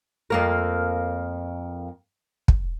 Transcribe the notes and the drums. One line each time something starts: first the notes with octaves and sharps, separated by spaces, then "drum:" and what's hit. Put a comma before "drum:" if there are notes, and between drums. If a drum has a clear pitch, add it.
F2 A#3 A#4
drum: kick